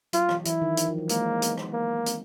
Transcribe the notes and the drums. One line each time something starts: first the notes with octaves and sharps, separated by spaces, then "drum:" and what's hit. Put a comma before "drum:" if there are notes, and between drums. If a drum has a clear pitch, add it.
F#3 F4, drum: hi-hat
E3, drum: rim click
E3 E4, drum: hi-hat
D#3
E3, drum: hi-hat
F3
F#3
G#3 A#3, drum: hi-hat
B3, drum: hi-hat
drum: rim click
A#3
C4, drum: hi-hat